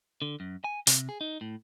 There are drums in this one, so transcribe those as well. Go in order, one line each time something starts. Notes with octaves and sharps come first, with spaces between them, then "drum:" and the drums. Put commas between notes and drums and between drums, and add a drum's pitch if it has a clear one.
D3
F#2
G#5
C3, drum: hi-hat
G#4
D#4
A2